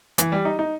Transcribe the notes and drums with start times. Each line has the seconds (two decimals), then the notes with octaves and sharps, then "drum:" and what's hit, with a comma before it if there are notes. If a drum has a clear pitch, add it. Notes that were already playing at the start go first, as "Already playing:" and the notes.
0.18 E3, drum: hi-hat
0.32 G3
0.45 D#4
0.59 D#4